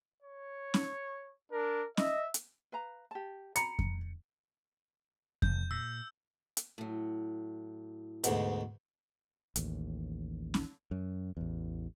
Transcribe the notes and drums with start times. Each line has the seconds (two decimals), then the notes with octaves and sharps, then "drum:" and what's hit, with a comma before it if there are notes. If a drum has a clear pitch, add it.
0.23 C#5
0.74 drum: snare C#4
1.52 D4 A#4
1.97 D#5 E5, drum: snare C#4
2.34 drum: hi-hat
2.72 B4 F5 A#5
3.11 G4 A5
3.56 A#5 B5 C#7, drum: hi-hat
3.79 drum: kick F2
5.42 F1 G6, drum: kick F2
5.71 A#2 E6
6.57 drum: hi-hat
6.78 A2 F#3
8.24 D2 G#2 B2, drum: hi-hat
9.56 A1 D#2, drum: hi-hat
10.54 drum: snare C#4
10.91 F#2
11.37 A1 E2